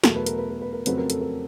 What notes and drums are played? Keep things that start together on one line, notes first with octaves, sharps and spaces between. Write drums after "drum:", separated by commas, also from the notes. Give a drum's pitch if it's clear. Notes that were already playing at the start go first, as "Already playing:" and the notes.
E2 B2 F#3 A3 A#4, drum: snare
B4
A#4, drum: hi-hat
B4
A#4
B4
A#4
F2 C#3 F#3 A3 C4 B4, drum: hi-hat
A#4
A4, drum: hi-hat
A#4